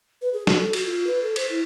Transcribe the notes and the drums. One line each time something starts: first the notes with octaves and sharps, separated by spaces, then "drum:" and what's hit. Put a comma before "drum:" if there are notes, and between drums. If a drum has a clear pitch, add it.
B4
G#4
F#4, drum: snare
A4
F#4, drum: cymbal
F4
B4
A4
C5, drum: cymbal
E4